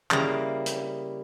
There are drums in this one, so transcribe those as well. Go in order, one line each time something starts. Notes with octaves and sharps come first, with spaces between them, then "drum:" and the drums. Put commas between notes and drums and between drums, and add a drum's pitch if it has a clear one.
C#3 G3 A#3 E4 F5 A#5, drum: clap
drum: hi-hat